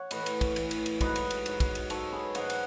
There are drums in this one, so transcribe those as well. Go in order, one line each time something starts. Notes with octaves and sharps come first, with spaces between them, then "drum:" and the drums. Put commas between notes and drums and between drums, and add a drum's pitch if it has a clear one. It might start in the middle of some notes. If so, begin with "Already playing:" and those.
Already playing: C#5 F#5
A2 E3 B4 D#5, drum: cymbal
drum: cymbal
drum: kick, cymbal
A2 E3, drum: cymbal
drum: cymbal
drum: cymbal
G#2 F#3 B4 D#5, drum: kick, cymbal
drum: cymbal
drum: cymbal
G#2 F#3, drum: cymbal
drum: kick, cymbal
drum: cymbal
G#2 F#3 A4 C#5, drum: cymbal
G#4 B4
G#2 F#3 D#5 F#5, drum: cymbal
drum: cymbal